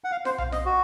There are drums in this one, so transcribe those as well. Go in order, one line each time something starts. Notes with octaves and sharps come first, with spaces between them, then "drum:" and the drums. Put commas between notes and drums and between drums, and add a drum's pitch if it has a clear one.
F#5
F5
C5, drum: snare F4
F5, drum: tom B1
D#5, drum: snare F4
F#4